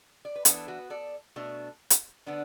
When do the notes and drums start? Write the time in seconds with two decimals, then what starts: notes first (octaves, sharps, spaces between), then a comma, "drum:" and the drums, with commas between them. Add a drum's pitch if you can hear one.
0.25 D5
0.36 B4
0.45 E3 B3 D4 E4 A4, drum: hi-hat
0.68 F#4 B4
0.90 A4 D5
1.36 B2 A3 D4
1.90 drum: hi-hat
2.26 D3 B3 D4